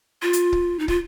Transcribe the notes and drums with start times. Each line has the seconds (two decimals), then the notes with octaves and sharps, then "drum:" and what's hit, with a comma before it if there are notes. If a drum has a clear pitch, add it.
0.22 F4
0.33 drum: hi-hat
0.52 drum: kick
0.79 D#4
0.88 F4, drum: kick